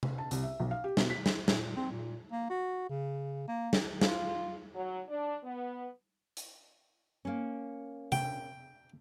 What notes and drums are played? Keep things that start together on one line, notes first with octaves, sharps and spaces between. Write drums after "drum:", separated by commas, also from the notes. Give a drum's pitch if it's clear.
drum: tom C3
A5
C2, drum: hi-hat
E5
B1
F5
G4
B2, drum: snare
B6
drum: snare
A#2, drum: snare
C4
A#2
A#3
F#4
C#3
A#3
drum: snare
F4, drum: snare
F#3
D4
B3
drum: hi-hat
A#3 C#4
G5, drum: tom C3